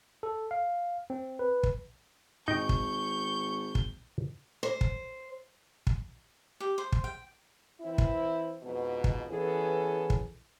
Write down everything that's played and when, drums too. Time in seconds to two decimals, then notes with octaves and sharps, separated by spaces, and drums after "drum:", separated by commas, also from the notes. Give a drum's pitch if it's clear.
0.23 A4
0.51 F5
1.10 C4
1.39 B4
1.63 drum: kick
2.48 G#1 D#4 G5 C#6 G6
2.69 drum: kick
3.75 drum: kick
4.63 C5
4.81 drum: kick
5.87 drum: kick
6.60 G4
6.78 C5
6.92 drum: kick
7.04 G5
7.81 E3 C4 E4
7.98 drum: kick
8.63 F2 G#2 B2
9.04 drum: kick
9.30 E3 B3 C#4 G#4 A4
10.10 drum: kick